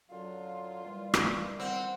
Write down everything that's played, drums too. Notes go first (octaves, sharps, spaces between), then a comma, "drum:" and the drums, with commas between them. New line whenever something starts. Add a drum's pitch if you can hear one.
F#2 D3 F#3 F4
A#2 E3 G3
drum: rim click
C4 F#5